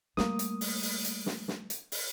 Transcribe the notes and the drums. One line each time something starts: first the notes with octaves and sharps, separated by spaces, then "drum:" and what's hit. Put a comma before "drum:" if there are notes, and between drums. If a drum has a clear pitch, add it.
G3 A3 A#3 D#6, drum: snare
drum: hi-hat
drum: open hi-hat
drum: open hi-hat
drum: hi-hat
drum: snare
drum: snare
drum: hi-hat
drum: open hi-hat